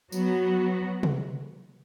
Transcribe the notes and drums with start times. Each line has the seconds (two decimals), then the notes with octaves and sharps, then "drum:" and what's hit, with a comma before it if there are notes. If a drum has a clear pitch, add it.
0.12 F#3 B3 F#4, drum: tambourine
1.03 drum: tom C3